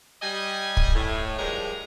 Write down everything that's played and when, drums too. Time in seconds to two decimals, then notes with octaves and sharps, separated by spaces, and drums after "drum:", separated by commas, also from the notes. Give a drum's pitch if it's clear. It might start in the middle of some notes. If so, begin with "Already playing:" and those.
0.22 G3 D#5 G#5
0.77 drum: kick
0.94 A2
1.37 G2 F3 G3 G#3 A#4 A#5